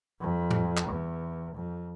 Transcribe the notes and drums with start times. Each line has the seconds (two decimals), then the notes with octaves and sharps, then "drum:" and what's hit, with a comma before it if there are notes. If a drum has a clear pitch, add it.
0.20 F2
0.51 drum: tom A2
0.77 drum: clap
0.87 E2
1.55 F2